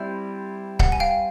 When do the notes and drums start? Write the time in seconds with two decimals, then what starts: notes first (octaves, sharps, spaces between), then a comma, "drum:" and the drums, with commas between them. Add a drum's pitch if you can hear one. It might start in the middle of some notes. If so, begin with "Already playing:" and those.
Already playing: G3 C4 E4 E5
0.79 F#5, drum: kick C#1
0.92 G#5
1.00 F5 G5